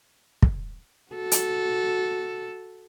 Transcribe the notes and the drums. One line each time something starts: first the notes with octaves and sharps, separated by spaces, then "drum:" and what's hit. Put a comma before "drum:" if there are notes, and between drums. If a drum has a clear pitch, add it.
drum: kick
F#4 A4
drum: hi-hat